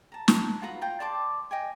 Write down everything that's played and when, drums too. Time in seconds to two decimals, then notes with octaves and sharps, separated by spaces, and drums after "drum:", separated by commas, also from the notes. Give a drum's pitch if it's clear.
0.12 A5 A#5
0.28 drum: snare
0.62 F4 F#4 B4 A#5
0.82 F4 G5 A#5
1.00 D5 A5 C6 D6
1.51 D#5 G5 G#5